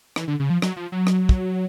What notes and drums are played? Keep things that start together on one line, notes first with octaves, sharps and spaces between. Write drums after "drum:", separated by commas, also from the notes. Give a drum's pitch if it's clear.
E3, drum: rim click
D3
C#3
F3
F#3, drum: rim click
F3
F#3
drum: rim click
drum: kick